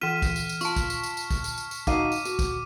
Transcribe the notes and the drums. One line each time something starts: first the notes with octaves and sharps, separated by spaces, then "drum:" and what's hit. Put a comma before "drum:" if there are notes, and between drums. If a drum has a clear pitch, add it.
E3 F4 F6 B6 D#7 E7
drum: kick, tambourine
drum: tambourine
drum: tambourine
F4 A5 C#6, drum: tambourine
drum: kick, tambourine
drum: tambourine
drum: tambourine
drum: tambourine
drum: kick, tambourine
drum: tambourine
drum: tambourine
drum: tambourine
D#4 F#4 F5 D6 D#7, drum: kick, tambourine
drum: tambourine
F#4, drum: tambourine
drum: kick, tambourine